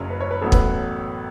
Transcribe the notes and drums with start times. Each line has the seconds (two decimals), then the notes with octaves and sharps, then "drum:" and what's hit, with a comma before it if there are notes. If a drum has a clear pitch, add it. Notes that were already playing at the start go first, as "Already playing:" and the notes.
Already playing: F#1 F#2 C#3 C#5
0.10 B4
0.21 C#5
0.31 B4
0.41 A1 A2 F#3 B3 A4
0.52 B4, drum: kick